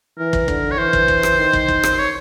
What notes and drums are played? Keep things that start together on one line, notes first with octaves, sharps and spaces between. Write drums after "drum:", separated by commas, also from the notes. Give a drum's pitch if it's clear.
E3 A#4
drum: kick
D3, drum: kick
C#5
E3 C5
drum: kick
drum: kick
drum: rim click
D#3
drum: kick
drum: kick
drum: rim click
C#5